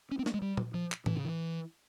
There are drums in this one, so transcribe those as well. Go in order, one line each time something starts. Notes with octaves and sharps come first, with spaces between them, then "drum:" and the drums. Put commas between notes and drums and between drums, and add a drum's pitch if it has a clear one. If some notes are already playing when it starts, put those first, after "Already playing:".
C#4
C4
A#3, drum: snare
G#3
G3
drum: tom A#2
F3
drum: clap
E3, drum: tom A2
C#3
E3